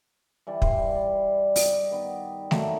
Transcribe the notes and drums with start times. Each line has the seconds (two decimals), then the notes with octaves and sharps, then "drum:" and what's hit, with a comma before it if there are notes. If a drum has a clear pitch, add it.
0.47 E3 G3 D5
0.62 G2 C6, drum: kick
0.95 D5
1.56 G4 D#5, drum: open hi-hat
1.91 D#3 B3
2.51 F#2 D#3 A3 A#3, drum: snare A3